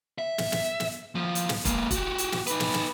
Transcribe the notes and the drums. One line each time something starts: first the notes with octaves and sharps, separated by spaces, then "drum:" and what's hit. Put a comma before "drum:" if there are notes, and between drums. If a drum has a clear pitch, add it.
E5
drum: snare
drum: snare
drum: snare
D#2 F3
drum: hi-hat
drum: snare
G#3 A#3, drum: kick, hi-hat
F#4 G4, drum: kick, hi-hat
drum: hi-hat
drum: snare
D#4 B4, drum: hi-hat
drum: snare
drum: snare